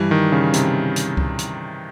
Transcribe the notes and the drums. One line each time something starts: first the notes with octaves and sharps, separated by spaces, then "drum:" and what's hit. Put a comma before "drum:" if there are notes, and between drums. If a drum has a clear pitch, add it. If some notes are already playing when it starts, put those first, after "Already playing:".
Already playing: G2 E3 G3
D#3
C#3
C3, drum: hi-hat
drum: hi-hat
drum: kick C#2
drum: hi-hat